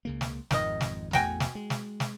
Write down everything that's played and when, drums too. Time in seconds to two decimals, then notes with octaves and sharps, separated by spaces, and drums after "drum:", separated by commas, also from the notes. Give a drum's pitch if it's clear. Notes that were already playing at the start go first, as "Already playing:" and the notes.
0.05 C#2 C#3 A#3
0.21 drum: snare
0.51 G#1 F2 G#2 D#3 D#5, drum: snare
0.81 drum: snare
1.13 A1 E2 A3 F#4 G5 G#5, drum: snare
1.40 drum: snare
1.55 G#3
1.70 drum: snare
2.00 drum: snare